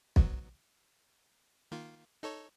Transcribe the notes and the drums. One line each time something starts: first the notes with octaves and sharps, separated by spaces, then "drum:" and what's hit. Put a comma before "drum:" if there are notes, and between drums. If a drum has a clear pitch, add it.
G#2 F#3 B3, drum: kick
D#3 A#3 F4
D#4 A4 C#5